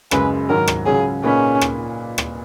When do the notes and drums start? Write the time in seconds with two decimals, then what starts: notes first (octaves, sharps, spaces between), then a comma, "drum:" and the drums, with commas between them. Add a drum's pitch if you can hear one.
0.11 F#1 F#2 C#3 G#3 B4, drum: rim click
0.49 G#2 D#3 F#3 A#4
0.68 drum: rim click
0.86 C#2 C#3 F#3 C#4 G#4
1.24 A#2 A#3 C#4 D#4 G#4 B4
1.61 drum: rim click
2.18 drum: rim click